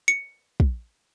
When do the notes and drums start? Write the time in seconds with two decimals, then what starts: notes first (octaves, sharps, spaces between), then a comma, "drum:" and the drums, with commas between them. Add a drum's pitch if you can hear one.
0.08 C#7
0.60 drum: kick